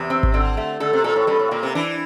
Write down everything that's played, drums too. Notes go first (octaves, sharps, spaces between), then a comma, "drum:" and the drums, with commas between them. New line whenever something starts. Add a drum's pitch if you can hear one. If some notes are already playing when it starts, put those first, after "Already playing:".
Already playing: E2 C3
C4
drum: kick G#1
D3 C4
A3
D3 A4
C3
A#2 A4
A2
G2 A4
A2
A#2 A#3
C3
E3 D4